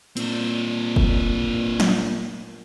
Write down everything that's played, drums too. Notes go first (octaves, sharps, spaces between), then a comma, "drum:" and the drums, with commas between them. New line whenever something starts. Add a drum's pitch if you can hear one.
A#2 C4 D4, drum: hi-hat
drum: kick
drum: snare